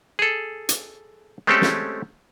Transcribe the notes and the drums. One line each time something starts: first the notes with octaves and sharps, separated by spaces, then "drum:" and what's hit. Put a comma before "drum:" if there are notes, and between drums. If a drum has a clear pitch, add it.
G#4 A4
drum: hi-hat
G#3 A3 C4 C#4 G4 A4
drum: snare